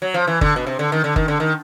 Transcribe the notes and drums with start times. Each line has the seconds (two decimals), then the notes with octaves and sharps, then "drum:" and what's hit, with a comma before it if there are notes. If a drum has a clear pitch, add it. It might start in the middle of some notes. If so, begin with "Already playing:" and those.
0.02 F#3
0.14 F3
0.27 E3
0.41 D3, drum: kick G1
0.56 B2
0.67 C3
0.79 D3
0.92 D#3
1.04 D3
1.16 D#3, drum: kick G1
1.28 D3
1.40 D#3